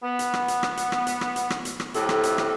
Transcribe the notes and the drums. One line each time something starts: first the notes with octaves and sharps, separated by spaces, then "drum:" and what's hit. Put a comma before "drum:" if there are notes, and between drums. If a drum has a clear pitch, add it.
B3
drum: hi-hat
drum: rim click
drum: hi-hat
drum: rim click
drum: hi-hat
drum: rim click
drum: hi-hat
drum: rim click
drum: hi-hat
drum: rim click
drum: hi-hat
drum: rim click
F2 A2 C3 A4, drum: hi-hat
drum: rim click
drum: hi-hat
drum: rim click